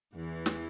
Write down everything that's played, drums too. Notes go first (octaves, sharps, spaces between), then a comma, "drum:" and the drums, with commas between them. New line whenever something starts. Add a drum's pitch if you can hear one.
E2 E3
drum: snare